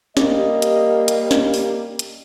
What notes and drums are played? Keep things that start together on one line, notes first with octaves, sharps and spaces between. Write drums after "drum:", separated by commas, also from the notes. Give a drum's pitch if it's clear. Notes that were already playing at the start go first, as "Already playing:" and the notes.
G3 A#3 G4 D#5, drum: snare
drum: hi-hat
drum: hi-hat
drum: snare
drum: open hi-hat
drum: hi-hat